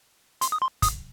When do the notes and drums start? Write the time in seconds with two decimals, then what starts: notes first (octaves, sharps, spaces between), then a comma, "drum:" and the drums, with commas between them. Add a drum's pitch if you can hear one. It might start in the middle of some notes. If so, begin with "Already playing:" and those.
0.41 C6, drum: hi-hat
0.52 D#6
0.62 C6
0.82 D#6, drum: kick, hi-hat